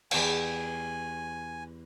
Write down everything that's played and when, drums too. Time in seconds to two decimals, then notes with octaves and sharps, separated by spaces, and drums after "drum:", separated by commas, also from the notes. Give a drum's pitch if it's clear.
0.11 E2 G4 G#5 B5, drum: cymbal